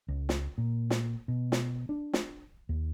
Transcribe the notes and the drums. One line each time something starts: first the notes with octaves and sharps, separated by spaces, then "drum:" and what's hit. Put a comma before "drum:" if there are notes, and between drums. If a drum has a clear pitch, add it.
C#2
drum: snare
A#2
drum: snare
B2
drum: snare
D4
drum: snare
D#2